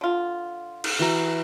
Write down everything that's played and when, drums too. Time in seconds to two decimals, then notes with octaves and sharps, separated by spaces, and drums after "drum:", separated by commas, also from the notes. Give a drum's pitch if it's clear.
0.01 D3 F4
0.84 drum: cymbal
0.99 E3 F#4 A#5